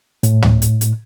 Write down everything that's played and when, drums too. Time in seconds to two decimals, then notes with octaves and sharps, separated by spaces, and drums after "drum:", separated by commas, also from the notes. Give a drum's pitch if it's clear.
0.23 A2, drum: hi-hat
0.42 drum: tom
0.62 drum: hi-hat
0.81 drum: hi-hat